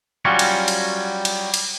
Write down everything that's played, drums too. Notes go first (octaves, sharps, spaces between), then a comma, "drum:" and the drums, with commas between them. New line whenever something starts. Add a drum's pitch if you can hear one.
F#3 G3 C#4 F4 F#4
drum: cymbal
drum: cymbal
drum: cymbal
drum: cymbal